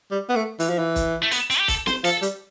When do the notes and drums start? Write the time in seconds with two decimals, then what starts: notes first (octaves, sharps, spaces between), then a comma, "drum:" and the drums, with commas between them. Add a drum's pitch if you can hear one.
0.11 G3
0.30 B3
0.36 A3
0.60 E3, drum: open hi-hat
0.70 F3
0.79 E3
0.96 drum: kick, hi-hat
1.23 A3
1.31 B3, drum: open hi-hat
1.50 C4, drum: hi-hat
1.59 G4
1.68 A4, drum: kick, open hi-hat
1.87 C5, drum: snare
2.04 F3 A4, drum: open hi-hat
2.22 G3, drum: hi-hat